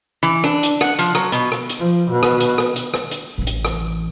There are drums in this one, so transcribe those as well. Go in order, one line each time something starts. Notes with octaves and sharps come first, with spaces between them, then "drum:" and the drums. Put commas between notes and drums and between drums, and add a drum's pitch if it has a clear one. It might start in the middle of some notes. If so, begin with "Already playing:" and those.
E3
D4, drum: rim click
drum: hi-hat
F#5, drum: rim click
F3, drum: hi-hat
F#3, drum: rim click
B2, drum: hi-hat
drum: rim click
drum: hi-hat
F3
B2
drum: rim click
drum: hi-hat
drum: rim click
drum: hi-hat
drum: rim click
drum: hi-hat
A1 E3
drum: hi-hat
drum: rim click